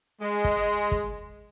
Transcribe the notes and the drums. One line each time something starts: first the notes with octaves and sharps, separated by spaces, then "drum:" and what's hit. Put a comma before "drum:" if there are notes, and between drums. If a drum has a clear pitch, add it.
G#3
drum: kick
drum: kick